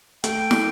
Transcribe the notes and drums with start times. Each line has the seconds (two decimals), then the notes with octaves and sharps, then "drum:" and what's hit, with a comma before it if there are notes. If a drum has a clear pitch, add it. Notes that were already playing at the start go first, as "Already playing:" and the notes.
0.24 A3 G5, drum: hi-hat
0.51 drum: snare